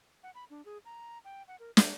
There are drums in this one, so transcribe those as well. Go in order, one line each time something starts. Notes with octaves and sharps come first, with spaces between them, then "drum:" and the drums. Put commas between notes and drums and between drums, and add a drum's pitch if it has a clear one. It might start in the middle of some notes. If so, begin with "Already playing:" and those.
F#5
B5
D4
G#4
A#5
G5
F#5
A#4
E5, drum: snare